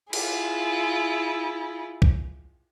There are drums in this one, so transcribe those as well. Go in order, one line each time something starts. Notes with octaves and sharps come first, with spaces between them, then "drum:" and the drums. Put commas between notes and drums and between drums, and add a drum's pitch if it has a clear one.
E4 F4 G#4, drum: cymbal
drum: kick